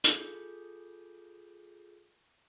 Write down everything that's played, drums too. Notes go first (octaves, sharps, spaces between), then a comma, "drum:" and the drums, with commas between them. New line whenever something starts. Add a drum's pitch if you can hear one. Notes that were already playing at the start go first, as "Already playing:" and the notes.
F4 G#4 A4 G6, drum: hi-hat